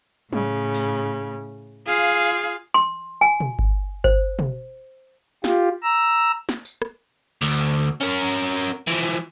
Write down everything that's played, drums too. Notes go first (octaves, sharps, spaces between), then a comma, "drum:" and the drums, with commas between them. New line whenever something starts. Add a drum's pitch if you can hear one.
A2 C#3, drum: tom F#3
drum: open hi-hat
F4 G#4 F5
C6
G#5
drum: tom
drum: kick G1
C5, drum: kick G1
drum: tom B2
F4 G4, drum: snare
A#5 E6
drum: snare
drum: tambourine
drum: rim click
D2
C#4 A#4, drum: open hi-hat
E3 F3
drum: hi-hat